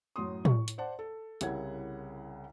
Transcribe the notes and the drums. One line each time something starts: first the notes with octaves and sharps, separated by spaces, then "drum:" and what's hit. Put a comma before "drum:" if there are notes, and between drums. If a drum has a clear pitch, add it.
F#2 A2 F#4 C6 D#6
C#6, drum: tom
drum: hi-hat
C5 D5 F#5 A5
A4
C2 C#3 E4 A#4 F#5 G#6, drum: hi-hat